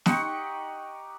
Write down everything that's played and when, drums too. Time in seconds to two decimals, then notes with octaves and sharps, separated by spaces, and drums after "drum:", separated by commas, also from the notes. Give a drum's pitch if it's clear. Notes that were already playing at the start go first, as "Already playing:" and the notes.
0.06 D#4 G4 F#5 C#6, drum: snare